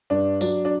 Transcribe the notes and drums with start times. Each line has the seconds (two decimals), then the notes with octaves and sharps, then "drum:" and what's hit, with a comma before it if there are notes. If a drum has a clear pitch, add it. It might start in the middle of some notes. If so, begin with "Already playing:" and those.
0.10 G2 D4
0.41 F#3 D4, drum: open hi-hat
0.65 D4